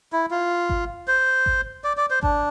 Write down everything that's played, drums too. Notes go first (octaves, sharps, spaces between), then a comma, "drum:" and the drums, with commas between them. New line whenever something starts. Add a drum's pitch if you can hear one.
E4
F4
drum: kick G#1
C5
drum: kick G#1
D5
D5
C5
D4, drum: kick G#1